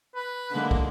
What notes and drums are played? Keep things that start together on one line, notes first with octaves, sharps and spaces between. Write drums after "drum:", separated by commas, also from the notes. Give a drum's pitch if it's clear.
B4
D3 G#3 A#3
drum: kick